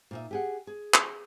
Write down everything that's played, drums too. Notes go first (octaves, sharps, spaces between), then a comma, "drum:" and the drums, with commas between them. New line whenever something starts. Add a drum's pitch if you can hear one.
A#2 D#4 E5
G4 G#4 F#5
G#4
drum: clap